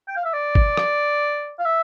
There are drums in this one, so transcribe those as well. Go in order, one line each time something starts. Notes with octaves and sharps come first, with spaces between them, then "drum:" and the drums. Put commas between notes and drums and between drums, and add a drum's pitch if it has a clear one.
G5
F5
E5
D5
drum: kick
drum: rim click
F5
E5